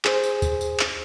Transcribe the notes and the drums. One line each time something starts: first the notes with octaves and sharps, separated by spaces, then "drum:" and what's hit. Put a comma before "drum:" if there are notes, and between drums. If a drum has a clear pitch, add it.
G#4 C5, drum: clap
drum: tambourine
drum: kick, tambourine
drum: tambourine
drum: clap